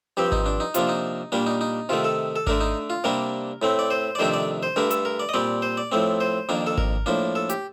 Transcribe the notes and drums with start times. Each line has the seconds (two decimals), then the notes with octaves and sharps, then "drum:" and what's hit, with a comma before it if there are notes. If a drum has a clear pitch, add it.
0.17 G2 F3 C4 G4
0.32 D#4, drum: kick G#1
0.46 D4
0.60 D#4
0.74 C3 F3 A#3 D4 F4, drum: hi-hat
0.89 D#4
1.32 A#2 G3 A#3 D4
1.46 D#4
1.61 D#4
1.89 C3 D#3 A3 F4
2.04 A4
2.36 A4
2.47 D3 A3 D4 A#4, drum: kick G#1
2.61 D#4
2.90 F4
3.04 C3 G3 A#3 D4 A#4
3.62 A2 A3 C4
3.79 D5
3.91 C5
4.15 D5
4.19 F2 C3 D#3 A3 D4 C5
4.34 D5
4.63 C5
4.76 G2 D3 A3 D4 A#4
4.91 A4, drum: hi-hat
5.05 A#4
5.20 D5
5.29 D#5
5.34 A#2 G3 C4 D5
5.62 C5
5.77 D5
5.92 A2 F3 A3 C4
6.20 C5
6.49 F2 D#3 A#3 D4
6.66 A4
6.78 A#4, drum: kick G#1
7.06 A2 F3 A#3 D4
7.35 A4
7.50 G4, drum: hi-hat